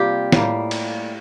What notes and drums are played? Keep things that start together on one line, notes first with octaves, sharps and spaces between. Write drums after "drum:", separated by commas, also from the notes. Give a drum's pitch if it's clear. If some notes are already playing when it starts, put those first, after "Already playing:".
Already playing: C3 G3 A#3 F4 G4
A2 G3 A#3, drum: snare
drum: cymbal